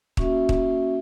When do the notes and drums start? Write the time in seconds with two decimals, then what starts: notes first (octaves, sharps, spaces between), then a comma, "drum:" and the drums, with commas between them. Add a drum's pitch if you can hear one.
0.17 A#3 C#4 F#4 E5, drum: kick
0.49 drum: kick